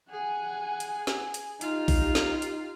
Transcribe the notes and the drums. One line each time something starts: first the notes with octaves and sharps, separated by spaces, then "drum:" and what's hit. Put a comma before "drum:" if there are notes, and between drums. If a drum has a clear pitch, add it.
G#4 F#5 G#5
drum: hi-hat
drum: snare
drum: hi-hat
D#4 F4 G4, drum: hi-hat
drum: kick A#1, open hi-hat
drum: snare
drum: hi-hat